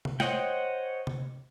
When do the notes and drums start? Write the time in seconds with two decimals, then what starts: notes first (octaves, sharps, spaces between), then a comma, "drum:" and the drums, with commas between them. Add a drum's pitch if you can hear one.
0.05 drum: tom C3
0.20 C5 C#5 D#5 F#5 G5, drum: snare
1.07 drum: tom C3